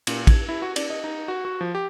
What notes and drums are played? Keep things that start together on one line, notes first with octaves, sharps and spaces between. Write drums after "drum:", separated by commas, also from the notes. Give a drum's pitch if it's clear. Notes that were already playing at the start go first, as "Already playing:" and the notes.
A#2, drum: cymbal
G#6, drum: kick, cymbal
E4
F#4
D5, drum: cymbal
D#5
D#4
F#4
F#4
F3
G4